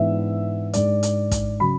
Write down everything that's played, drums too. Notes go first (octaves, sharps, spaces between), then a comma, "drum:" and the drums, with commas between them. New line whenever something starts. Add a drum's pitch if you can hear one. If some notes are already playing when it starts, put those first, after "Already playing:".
Already playing: G#2 E3 B3 D4 E5
G#2 G#3 D4 D5, drum: hi-hat
drum: hi-hat
drum: kick, hi-hat
C#3 F#3 B5